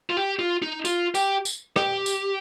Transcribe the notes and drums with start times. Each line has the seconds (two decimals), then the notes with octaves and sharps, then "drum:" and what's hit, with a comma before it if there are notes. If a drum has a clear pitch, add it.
0.10 F4
0.17 G4
0.39 F4
0.62 D#4
0.85 F4, drum: tambourine
1.15 G4, drum: tambourine
1.45 drum: tambourine
1.76 G4, drum: rim click
2.06 drum: tambourine